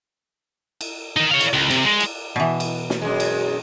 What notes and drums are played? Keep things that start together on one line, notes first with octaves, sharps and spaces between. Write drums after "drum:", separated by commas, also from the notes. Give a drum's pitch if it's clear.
drum: cymbal
D#3 D#4
C#5 F5
drum: cymbal
C#2
C3, drum: cymbal
G#3
drum: cymbal
B2 E3
drum: cymbal
drum: snare
F#2 G#3
drum: cymbal